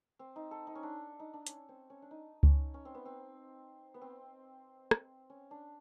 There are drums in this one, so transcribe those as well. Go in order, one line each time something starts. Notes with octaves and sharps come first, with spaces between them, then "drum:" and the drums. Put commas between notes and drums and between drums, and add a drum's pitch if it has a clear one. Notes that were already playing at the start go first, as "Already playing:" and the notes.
C4
D#4
A4
D#4
C#4
D4
D#4
D4
C#4, drum: hi-hat
C4
C#4
D4
D#4
C#4, drum: kick C#2
C#4
C4
B3
C4
B3
C4
drum: rim click
C#4
D4